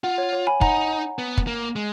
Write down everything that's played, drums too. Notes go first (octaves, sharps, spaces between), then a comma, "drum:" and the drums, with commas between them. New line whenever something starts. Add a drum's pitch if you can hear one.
F4 F#5
C#5
C#5
G#5 B5
D#4 F#5 A#5, drum: kick
B3
drum: kick
A#3
G#3